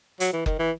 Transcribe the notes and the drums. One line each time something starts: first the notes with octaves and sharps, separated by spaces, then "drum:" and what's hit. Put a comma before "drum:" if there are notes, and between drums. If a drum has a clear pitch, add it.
F#3, drum: hi-hat
E3
D#3, drum: kick F#1
E3